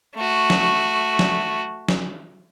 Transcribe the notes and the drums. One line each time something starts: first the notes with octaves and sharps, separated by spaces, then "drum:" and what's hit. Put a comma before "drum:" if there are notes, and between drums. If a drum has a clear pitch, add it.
A3 F#4
drum: snare
drum: snare
drum: snare